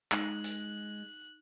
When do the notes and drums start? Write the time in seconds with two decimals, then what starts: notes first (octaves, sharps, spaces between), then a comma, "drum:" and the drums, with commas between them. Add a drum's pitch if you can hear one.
0.12 G#3 D#4 F#6, drum: clap
0.44 drum: open hi-hat